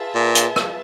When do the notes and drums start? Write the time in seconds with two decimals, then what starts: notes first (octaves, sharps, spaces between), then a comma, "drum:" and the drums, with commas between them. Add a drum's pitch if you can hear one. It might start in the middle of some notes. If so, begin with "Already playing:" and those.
Already playing: F4 G#4 B4 E5 A5
0.15 A#2
0.35 drum: hi-hat
0.56 drum: rim click